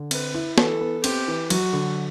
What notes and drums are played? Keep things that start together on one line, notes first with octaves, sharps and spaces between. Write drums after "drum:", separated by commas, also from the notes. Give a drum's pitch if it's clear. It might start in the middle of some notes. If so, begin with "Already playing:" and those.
Already playing: D3
C4 B4, drum: cymbal
E4
E3 A4, drum: snare
B3
C4 G4, drum: cymbal
E3
F#3 F#4, drum: cymbal
D3